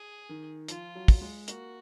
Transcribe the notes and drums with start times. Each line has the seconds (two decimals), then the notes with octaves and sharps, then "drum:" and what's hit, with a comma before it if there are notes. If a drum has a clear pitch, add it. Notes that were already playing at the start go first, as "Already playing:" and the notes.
Already playing: G#4
0.29 D#3
0.68 F3 F4, drum: hi-hat
0.95 F#3
1.08 drum: kick, open hi-hat
1.21 G#3
1.48 A#3 F#4, drum: hi-hat